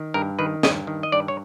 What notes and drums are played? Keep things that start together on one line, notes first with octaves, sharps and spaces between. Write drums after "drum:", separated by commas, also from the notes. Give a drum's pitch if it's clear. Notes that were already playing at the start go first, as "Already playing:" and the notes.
Already playing: D#3
G2 A#4
D#3 B4
G2 D#5, drum: snare
D#3
D#5
G2 D5
C#5